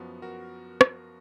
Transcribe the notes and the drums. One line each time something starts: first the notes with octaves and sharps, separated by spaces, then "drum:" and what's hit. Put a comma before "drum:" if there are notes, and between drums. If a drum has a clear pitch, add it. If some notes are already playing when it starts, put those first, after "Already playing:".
Already playing: F#2 F3 B3 F#4
F#4 A#4
drum: rim click